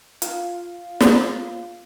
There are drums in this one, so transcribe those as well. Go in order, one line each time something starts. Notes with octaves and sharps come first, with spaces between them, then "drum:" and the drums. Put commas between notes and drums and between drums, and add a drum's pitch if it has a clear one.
F4 F5, drum: hi-hat
drum: snare